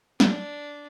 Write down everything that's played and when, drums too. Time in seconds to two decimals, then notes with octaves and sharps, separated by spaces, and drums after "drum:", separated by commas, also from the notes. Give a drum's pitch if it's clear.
0.20 D4, drum: snare